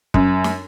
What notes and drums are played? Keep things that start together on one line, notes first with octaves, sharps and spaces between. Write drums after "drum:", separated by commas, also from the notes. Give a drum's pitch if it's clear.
F#2, drum: kick
drum: snare